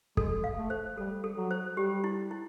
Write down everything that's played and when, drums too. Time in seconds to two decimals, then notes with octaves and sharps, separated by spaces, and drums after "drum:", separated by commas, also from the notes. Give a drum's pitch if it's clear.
0.17 G#3 A4, drum: kick
0.44 F5
0.57 A3
0.70 C5
0.97 G3 A4
1.24 A4
1.37 F#3
1.51 C5
1.77 G3 G4
2.04 E4
2.31 E4